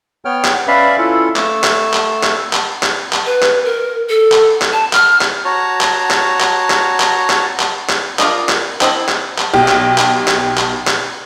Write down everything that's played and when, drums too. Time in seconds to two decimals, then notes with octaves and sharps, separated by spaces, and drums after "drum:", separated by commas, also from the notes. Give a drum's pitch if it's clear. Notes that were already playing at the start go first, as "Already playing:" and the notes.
0.25 B3 C#5 G5 F6
0.45 drum: clap
0.68 C#4 B4 D5 E5 F5 B5
0.98 C#4 E4 F4 A4
1.36 A3 E6, drum: clap
1.64 drum: clap
1.93 drum: clap
2.23 drum: clap
2.53 drum: clap
2.83 drum: clap
3.13 drum: clap
3.26 B4
3.42 drum: clap
3.65 A#4
4.09 A4
4.32 drum: clap
4.62 drum: clap
4.72 A5
4.93 F6, drum: clap
5.21 drum: clap
5.45 F#4 C#5 A5 A#5
5.81 drum: clap
6.11 drum: clap
6.40 drum: clap
6.70 drum: clap
7.00 drum: clap
7.30 drum: clap
7.60 drum: clap
7.89 drum: clap
8.19 F4 A#4 D5 D#5, drum: clap
8.49 drum: clap
8.81 C4 E4 D#5, drum: clap
9.08 drum: clap
9.38 drum: clap
9.54 B1 G4
9.68 drum: clap
9.98 drum: clap
10.28 drum: clap
10.57 drum: clap
10.87 drum: clap